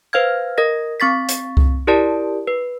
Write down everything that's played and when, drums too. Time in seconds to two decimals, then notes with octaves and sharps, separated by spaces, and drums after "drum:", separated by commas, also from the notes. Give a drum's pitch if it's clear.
0.13 B4 C5 F5 F6 G#6
0.58 A#4 D#5 A#6
1.00 C4 C#6 A6 B6
1.29 drum: hi-hat
1.57 drum: kick C2
1.87 E4 G4 A#4 D5 A5
2.47 B4